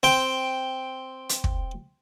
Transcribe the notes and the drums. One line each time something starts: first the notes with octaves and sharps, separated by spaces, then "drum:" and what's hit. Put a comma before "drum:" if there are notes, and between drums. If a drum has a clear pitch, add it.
C4 G5
drum: hi-hat
drum: kick